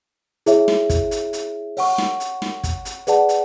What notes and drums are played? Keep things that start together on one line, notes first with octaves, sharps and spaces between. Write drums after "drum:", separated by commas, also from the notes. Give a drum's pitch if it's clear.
E4 G#4 C#5 E5, drum: hi-hat
drum: snare
drum: kick, hi-hat
drum: hi-hat
drum: hi-hat
C#5 F#5 C#6, drum: open hi-hat
drum: snare
drum: hi-hat
drum: snare
drum: kick, hi-hat
drum: hi-hat
G#4 B4 D5 F#5 A5, drum: hi-hat
drum: hi-hat